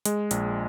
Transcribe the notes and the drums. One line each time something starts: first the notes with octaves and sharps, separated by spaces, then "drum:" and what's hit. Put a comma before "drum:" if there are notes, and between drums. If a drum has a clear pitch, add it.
G#3, drum: hi-hat
A#1, drum: hi-hat